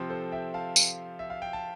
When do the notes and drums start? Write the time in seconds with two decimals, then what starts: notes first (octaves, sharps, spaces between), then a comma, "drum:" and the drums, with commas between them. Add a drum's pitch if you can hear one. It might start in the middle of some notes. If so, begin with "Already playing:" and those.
Already playing: C3 F3 C4
0.09 A4 C5
0.32 E5 G5
0.54 F5 A5
0.76 drum: tambourine
1.19 E5
1.30 F5
1.42 G5
1.53 A5